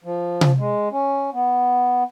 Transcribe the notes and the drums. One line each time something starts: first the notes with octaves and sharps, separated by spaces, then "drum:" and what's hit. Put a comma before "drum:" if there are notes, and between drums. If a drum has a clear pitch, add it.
F3
drum: tom C3
G#3
C#4
B3